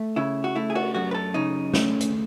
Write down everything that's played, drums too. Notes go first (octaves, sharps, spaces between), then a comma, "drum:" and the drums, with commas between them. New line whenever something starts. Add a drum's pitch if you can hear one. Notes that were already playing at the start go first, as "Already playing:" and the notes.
Already playing: A3
C#3 E4
F#4
A3 E4
G#4
F#4, drum: cymbal
F#2 F#4
B4
A4
C#3 D#4
A3 C#4, drum: snare
drum: hi-hat